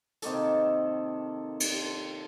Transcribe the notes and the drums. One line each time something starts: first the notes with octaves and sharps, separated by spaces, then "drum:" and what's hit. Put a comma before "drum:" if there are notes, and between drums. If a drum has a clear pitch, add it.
C3 D#3 A#3 A4, drum: hi-hat
drum: cymbal